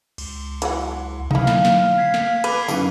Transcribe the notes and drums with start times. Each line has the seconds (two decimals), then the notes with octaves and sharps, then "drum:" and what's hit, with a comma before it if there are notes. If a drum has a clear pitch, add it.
0.18 C#2, drum: cymbal
0.62 E3 F#3 F#5, drum: hi-hat
1.31 D3 F#3 D#4 E4 F5, drum: tom
1.47 drum: snare
1.65 drum: snare
1.98 G#6 B6 C7
2.14 drum: snare
2.44 B4 D6, drum: cymbal
2.68 F#2 D3 E3 A#3 B3 D#4, drum: tambourine